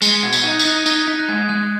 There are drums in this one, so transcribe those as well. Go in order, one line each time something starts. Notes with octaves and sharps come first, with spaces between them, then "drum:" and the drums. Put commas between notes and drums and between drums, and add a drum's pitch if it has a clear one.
G#3 C#7, drum: tambourine
B6
B2 G#6
B6, drum: tambourine
D#4 G#6
F#6
D#6, drum: tambourine
D#4 F#6
D#4 G#6, drum: tambourine
D#4 B6
F#6
G#3 G#6
G#3 F#6